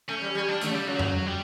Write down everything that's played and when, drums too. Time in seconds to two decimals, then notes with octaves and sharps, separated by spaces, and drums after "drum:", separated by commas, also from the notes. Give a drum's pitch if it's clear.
0.08 A3 C#4
0.22 G3
0.35 G3
0.49 G3 D4
0.61 D3 A3, drum: hi-hat
0.69 C#3
0.75 G3
0.87 C#3 F#3
0.99 drum: tom F2
1.27 G3